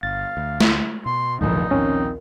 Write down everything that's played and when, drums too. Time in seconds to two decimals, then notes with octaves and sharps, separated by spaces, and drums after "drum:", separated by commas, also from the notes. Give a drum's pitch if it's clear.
0.03 G1 F5 A6
0.37 D2
0.61 drum: snare
1.06 B2 C6
1.41 F1 A#1 E2 D3 D#3 D#4
1.71 A#1 D#2 C4 C#4